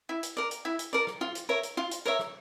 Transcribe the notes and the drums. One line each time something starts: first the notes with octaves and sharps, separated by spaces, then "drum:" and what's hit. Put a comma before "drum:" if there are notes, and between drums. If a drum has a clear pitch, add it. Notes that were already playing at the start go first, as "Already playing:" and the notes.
E4
drum: hi-hat
A#4 D5
drum: hi-hat
E4
drum: hi-hat
A#4 D5
drum: rim click
F4
drum: hi-hat
A#4 C#5 E5
drum: hi-hat
F4
drum: hi-hat
A#4 C#5 E5
drum: rim click